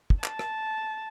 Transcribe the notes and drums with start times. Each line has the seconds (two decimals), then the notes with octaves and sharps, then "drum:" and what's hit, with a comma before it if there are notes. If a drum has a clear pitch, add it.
0.10 drum: kick
0.24 A5, drum: clap
0.39 drum: rim click